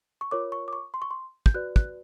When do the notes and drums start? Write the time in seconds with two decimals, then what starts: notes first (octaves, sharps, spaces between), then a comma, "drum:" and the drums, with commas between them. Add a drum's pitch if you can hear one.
0.21 C#6
0.31 F4 A#4 C#5 D6
0.52 C#6
0.68 D6
0.73 C#6
0.94 C6
1.02 C#6
1.11 C6
1.46 G6, drum: kick
1.54 F#4 B4 D5 F#6
1.76 F#6, drum: kick